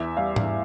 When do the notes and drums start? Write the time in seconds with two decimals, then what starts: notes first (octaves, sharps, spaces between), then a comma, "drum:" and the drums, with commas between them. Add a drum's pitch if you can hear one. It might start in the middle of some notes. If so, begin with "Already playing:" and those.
Already playing: E2 E5
0.17 G3 F5
0.36 drum: tom G#2